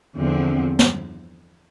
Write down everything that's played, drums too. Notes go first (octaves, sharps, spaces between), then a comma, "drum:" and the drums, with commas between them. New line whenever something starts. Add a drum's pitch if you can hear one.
E2 D3 F3 C4
drum: snare